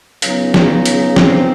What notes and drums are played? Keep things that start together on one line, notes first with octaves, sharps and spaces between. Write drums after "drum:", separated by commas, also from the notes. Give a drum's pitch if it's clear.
C#2 C#3 F#3 B3 D#4, drum: hi-hat
drum: snare
drum: hi-hat
C4, drum: snare